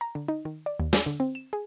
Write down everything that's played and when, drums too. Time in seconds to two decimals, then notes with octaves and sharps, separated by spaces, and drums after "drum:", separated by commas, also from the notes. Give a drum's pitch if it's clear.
0.01 A#5
0.15 D3
0.28 D#4
0.45 D#3
0.66 D5
0.80 D#2
0.93 G#4, drum: snare
1.06 D3
1.20 C4
1.35 E7
1.53 G#4